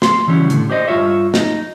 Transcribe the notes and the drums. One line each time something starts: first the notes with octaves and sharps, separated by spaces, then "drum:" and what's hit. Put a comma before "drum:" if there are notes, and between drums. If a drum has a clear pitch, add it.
C6, drum: snare
C#3 E3 F#3 G3 C#4
A2 D3, drum: hi-hat
G4 C5 D5 D#5
G2 C3 F4 C#5 E5
D#4, drum: snare